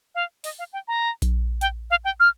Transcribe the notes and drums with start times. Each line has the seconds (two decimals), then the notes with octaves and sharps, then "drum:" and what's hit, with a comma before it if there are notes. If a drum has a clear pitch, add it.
0.15 F5
0.44 D#5, drum: open hi-hat
0.59 F5
0.73 G5
0.88 A#5
1.22 drum: kick A#1, hi-hat
1.61 G5, drum: hi-hat
1.91 F5
2.05 G5
2.20 F6